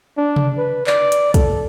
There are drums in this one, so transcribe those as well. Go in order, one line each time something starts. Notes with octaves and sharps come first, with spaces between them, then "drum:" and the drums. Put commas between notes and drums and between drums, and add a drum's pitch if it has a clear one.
D4
drum: tom C3
B4
D5, drum: clap
drum: hi-hat
A4, drum: kick, hi-hat